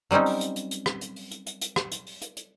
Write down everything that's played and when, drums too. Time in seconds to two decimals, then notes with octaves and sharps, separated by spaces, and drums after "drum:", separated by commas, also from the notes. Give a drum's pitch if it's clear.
0.11 F#3 G3 C4 C#4 D#4
0.26 drum: open hi-hat
0.41 drum: hi-hat
0.56 drum: hi-hat
0.71 drum: hi-hat
0.86 drum: rim click
1.01 drum: hi-hat
1.16 drum: open hi-hat
1.31 drum: hi-hat
1.46 drum: hi-hat
1.61 drum: hi-hat
1.76 drum: rim click
1.91 drum: hi-hat
2.06 drum: open hi-hat
2.21 drum: hi-hat
2.37 drum: hi-hat